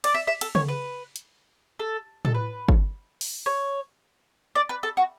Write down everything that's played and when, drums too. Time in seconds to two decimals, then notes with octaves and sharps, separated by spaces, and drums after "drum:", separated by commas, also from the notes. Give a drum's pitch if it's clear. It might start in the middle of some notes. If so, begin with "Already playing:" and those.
0.04 D5, drum: cymbal
0.14 E5
0.27 E5
0.41 A4, drum: cymbal
0.55 C#5, drum: tom C#3
0.68 B4
1.16 drum: hi-hat
1.80 A4
2.25 A4, drum: tom A2
2.34 B4
2.69 drum: kick
3.21 drum: open hi-hat
3.46 C#5
4.55 D5
4.69 B4
4.83 A4
4.97 F#4